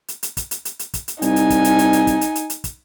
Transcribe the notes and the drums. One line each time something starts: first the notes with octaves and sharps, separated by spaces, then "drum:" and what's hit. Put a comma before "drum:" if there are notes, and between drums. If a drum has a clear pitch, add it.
drum: hi-hat
drum: hi-hat
drum: kick, hi-hat
drum: hi-hat
drum: hi-hat
drum: hi-hat
drum: kick, hi-hat
drum: hi-hat
C2 D#4 G#5, drum: hi-hat
drum: hi-hat
drum: kick, hi-hat
drum: hi-hat
drum: hi-hat
drum: hi-hat
drum: kick, hi-hat
drum: hi-hat
drum: hi-hat
drum: hi-hat
drum: kick, hi-hat